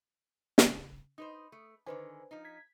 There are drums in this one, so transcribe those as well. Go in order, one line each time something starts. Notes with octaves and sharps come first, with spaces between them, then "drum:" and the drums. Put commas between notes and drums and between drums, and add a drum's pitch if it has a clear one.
C#3, drum: snare
D#4 B4 C5 D#6
A3
D3 D#3 F3 B4 C5 G#5
F3 D#4
G#6 B6